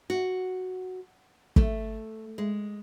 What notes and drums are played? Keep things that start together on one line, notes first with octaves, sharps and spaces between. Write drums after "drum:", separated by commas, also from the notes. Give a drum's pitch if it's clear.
F#4
A3, drum: kick
G#3